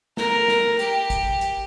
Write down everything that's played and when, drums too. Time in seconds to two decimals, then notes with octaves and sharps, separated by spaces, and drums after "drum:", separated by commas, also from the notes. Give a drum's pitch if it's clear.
0.17 A#4, drum: snare
0.48 drum: snare
0.79 G4, drum: hi-hat
1.10 drum: kick, hi-hat
1.41 drum: hi-hat